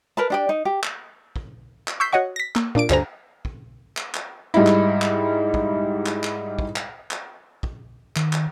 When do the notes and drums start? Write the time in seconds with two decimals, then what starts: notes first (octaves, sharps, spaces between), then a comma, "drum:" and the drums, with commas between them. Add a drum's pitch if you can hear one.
0.17 A#4 B4 A5
0.30 D4 G4 D5
0.49 D#4
0.65 G4
0.83 drum: clap
1.36 drum: kick
1.88 drum: clap
2.00 C#6 E6 G6 B6 C7
2.13 F#4 C#5 D#5 F#5 C#6
2.36 A#6 B6
2.56 A#3, drum: clap
2.75 A#2 D4 D6 D7
2.90 D2 G2 D3 C5 G#5 A#5, drum: clap
3.45 drum: kick
3.97 drum: clap
4.15 drum: clap
4.54 G#2 G3 D#4 E4
4.67 drum: clap
5.02 drum: clap
5.54 drum: kick
6.06 drum: clap
6.24 drum: clap
6.59 drum: kick
6.76 drum: clap
7.11 drum: clap
7.63 drum: kick
8.16 D#3, drum: clap
8.33 drum: clap